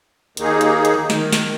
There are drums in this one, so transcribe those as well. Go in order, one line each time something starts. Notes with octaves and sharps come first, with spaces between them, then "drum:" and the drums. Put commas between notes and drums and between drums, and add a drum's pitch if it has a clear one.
D#2 D#3 A#3 D#4 G#4, drum: hi-hat
drum: hi-hat
drum: hi-hat
D#3, drum: snare
drum: snare